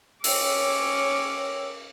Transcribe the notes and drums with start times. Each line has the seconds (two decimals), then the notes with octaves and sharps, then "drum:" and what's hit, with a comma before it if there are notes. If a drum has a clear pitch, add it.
0.24 C#4 C#5 G5 D6 E6, drum: open hi-hat